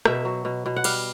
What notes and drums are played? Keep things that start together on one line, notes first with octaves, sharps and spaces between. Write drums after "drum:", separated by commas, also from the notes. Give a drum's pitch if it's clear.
B2 E5, drum: rim click
F#3
B2
B2
F#5
G3 F5, drum: cymbal